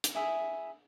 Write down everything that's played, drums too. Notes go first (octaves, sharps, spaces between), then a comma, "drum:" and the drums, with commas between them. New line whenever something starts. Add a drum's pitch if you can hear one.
drum: hi-hat
E4 G#4 E5